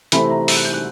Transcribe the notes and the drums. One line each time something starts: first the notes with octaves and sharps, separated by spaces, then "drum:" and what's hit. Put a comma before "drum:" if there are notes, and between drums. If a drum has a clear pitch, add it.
C3 E3 A3 C4 B5, drum: hi-hat
A#5
E6, drum: open hi-hat
F#6
G6
F#6